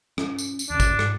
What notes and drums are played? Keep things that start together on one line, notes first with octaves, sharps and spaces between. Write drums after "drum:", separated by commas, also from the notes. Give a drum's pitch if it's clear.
C#4, drum: rim click
drum: tambourine
drum: tambourine
D#2 C#3 D4
drum: kick, tambourine
G#2, drum: rim click